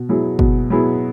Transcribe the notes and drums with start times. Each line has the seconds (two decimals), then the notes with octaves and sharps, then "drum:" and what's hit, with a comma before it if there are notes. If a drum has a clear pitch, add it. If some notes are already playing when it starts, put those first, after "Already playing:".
Already playing: B2
0.09 F#3 B3 E4 G#4
0.39 B2, drum: kick
0.70 F#3 B3 E4 G#4